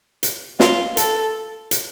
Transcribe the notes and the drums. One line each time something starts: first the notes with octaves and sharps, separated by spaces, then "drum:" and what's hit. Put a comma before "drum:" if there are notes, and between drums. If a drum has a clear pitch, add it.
drum: hi-hat
F4, drum: snare
A4, drum: hi-hat
drum: hi-hat